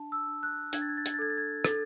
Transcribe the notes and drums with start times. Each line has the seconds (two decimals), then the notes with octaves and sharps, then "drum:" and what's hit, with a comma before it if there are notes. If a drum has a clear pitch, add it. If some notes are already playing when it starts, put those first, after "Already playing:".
Already playing: D4 A5
0.12 E6
0.27 D4
0.43 F#6
0.73 D4 G#6, drum: hi-hat
0.82 A6
0.89 G#6
0.97 A6
1.06 G#6, drum: hi-hat
1.14 A6
1.19 A4 G#6
1.30 A6
1.38 G#6
1.65 A4 A6, drum: rim click